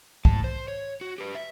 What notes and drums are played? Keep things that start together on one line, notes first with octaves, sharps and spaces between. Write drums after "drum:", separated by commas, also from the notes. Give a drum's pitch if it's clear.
A2 A5, drum: kick
C5
C#5
F#4
G4 B4
E5